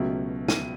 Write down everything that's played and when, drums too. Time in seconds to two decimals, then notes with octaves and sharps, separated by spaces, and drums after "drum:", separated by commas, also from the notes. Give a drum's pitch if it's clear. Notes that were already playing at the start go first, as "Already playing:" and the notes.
Already playing: C#2 B2 F#3 A3
0.48 D#7, drum: snare